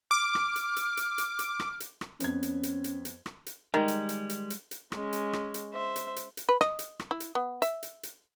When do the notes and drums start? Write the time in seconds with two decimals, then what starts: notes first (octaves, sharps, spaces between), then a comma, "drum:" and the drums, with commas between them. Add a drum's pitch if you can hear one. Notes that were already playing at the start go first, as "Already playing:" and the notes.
0.11 D6 F6
0.35 drum: rim click
0.56 drum: hi-hat
0.76 drum: hi-hat
0.97 drum: hi-hat
1.18 drum: hi-hat
1.39 drum: hi-hat
1.60 drum: rim click
1.80 drum: hi-hat
2.01 drum: rim click
2.20 F2 B3 C#4 G#6, drum: hi-hat
2.43 drum: hi-hat
2.63 drum: hi-hat
2.84 drum: hi-hat
3.05 drum: hi-hat
3.26 drum: rim click
3.46 drum: hi-hat
3.74 D#3 G3 G#3
3.88 drum: hi-hat
4.09 drum: hi-hat
4.30 drum: hi-hat
4.50 drum: hi-hat
4.71 drum: hi-hat
4.92 G#3 C#4, drum: rim click
5.13 drum: hi-hat
5.33 drum: rim click
5.54 drum: hi-hat
5.73 C5 E5
5.96 drum: hi-hat
6.16 drum: hi-hat
6.37 drum: hi-hat
6.49 B4
6.61 D#5, drum: rim click
6.79 drum: hi-hat
6.99 drum: rim click
7.11 E4
7.20 drum: hi-hat
7.35 B3
7.62 E5, drum: hi-hat
7.83 drum: hi-hat
8.03 drum: hi-hat